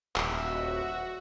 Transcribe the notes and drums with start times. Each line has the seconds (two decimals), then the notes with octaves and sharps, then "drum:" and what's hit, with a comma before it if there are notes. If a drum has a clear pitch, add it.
0.16 D#1 F#4 E5, drum: clap